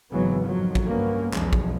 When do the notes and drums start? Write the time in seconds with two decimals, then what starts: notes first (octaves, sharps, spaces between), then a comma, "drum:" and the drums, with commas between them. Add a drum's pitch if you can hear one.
0.10 G#1 C#3 E3 F#3 B3
0.45 F2 D#3 F3 F#3
0.75 drum: kick
0.87 G2 A#3 B3 C#4
1.33 B1 E2 F3 G#3, drum: clap
1.53 drum: kick